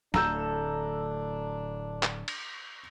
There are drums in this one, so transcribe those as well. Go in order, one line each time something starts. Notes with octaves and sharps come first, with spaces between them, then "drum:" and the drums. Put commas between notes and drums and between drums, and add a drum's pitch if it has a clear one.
D1 D2 A2 D4 A4 A#5 E6 G6, drum: snare
drum: clap
drum: cymbal